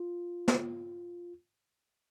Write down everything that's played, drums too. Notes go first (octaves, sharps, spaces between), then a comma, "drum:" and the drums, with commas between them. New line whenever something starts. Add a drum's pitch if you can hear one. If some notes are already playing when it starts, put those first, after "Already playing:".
Already playing: F4
drum: snare